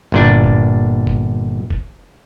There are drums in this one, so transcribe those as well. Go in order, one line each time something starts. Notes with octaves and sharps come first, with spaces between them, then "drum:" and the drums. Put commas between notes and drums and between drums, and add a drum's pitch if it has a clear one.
G1 A#2 D4
drum: kick F1
drum: kick F1
drum: kick F1